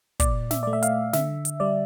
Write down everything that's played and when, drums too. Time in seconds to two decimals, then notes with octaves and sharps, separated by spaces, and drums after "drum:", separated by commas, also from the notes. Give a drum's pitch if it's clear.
0.20 A#2 D5, drum: kick, hi-hat
0.51 E5, drum: snare
0.63 A3 D5
0.73 E5
0.83 F5, drum: hi-hat
1.13 D3 E5, drum: snare
1.45 drum: hi-hat
1.60 G3 D5